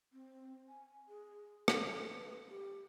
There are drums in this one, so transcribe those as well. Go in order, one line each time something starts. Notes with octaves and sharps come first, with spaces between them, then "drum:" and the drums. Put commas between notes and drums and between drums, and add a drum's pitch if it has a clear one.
C4
G#5
G#4
A4, drum: rim click
B4
G4